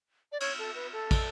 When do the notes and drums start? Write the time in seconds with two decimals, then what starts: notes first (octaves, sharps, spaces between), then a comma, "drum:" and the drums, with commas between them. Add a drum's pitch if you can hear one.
0.32 D5
0.40 C#5, drum: cymbal
0.58 A4
0.75 B4
0.93 A4
1.11 drum: kick, cymbal